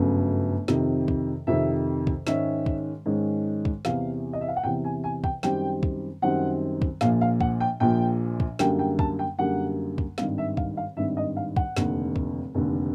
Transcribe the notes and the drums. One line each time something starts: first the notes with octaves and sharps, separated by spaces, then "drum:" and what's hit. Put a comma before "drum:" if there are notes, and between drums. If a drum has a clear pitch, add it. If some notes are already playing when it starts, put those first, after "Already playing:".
Already playing: G1 F#2 C#3 F#3 A3
F2 C3 D#3, drum: snare
drum: kick
F2 C3 D#3 E5
drum: kick
G#2 D#3 G#3 C#4 E5, drum: snare
drum: kick
G#2 D#3 G#3 C#4
drum: kick
E2 C3 E3 F5, drum: snare
D#5
E5
F5
F#5
E2 C3 E3 G5
G#5
G#5
G5, drum: kick
F#2 D#3 G3 C4 G5, drum: snare
drum: kick
F#2 D#3 G3 C4 F#5
drum: kick
A#1 A#2 F3 F5, drum: snare
F5
F#5, drum: kick
G5
A#1 A#2 F3 G5
drum: kick
F#2 D3 G3 A#3 G5, drum: snare
G5
A5, drum: kick
G5
F#2 D3 G3 A#3 F#5
drum: kick
G#1 G2 D#3 F5, drum: snare
E5
F5, drum: kick
F5
G#1 G2 D#3 E5
D#5
F5
F#5, drum: kick
F1 D#2 D3, drum: snare
drum: kick
F1 D#2 D3